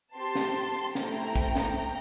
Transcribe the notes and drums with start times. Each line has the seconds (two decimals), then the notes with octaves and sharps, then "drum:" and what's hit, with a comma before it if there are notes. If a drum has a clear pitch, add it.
0.15 C4 G4 A5 C6
0.35 drum: snare
0.95 A3 C4 E4 G5 A#5, drum: snare
1.36 drum: kick
1.56 drum: snare